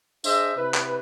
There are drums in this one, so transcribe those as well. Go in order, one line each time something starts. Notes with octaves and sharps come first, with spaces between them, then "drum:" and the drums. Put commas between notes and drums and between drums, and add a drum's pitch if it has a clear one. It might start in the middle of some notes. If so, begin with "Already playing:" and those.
D4 G#4 C5 D#5 E5, drum: tambourine
C3 E4 B4
drum: clap